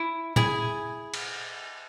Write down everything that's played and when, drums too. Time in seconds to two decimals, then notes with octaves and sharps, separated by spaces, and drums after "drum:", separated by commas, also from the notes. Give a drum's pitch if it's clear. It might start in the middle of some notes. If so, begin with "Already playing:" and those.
Already playing: E4
0.36 E4 G#4 G#5, drum: tom A#2
1.14 drum: cymbal